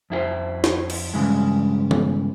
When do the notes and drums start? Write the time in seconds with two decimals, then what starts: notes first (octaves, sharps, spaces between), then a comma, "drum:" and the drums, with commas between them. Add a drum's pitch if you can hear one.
0.10 F2 E4 G#4 C5
0.64 drum: snare
0.90 drum: cymbal
1.14 G2 A#2 C#3 E3 G#3
1.91 drum: tom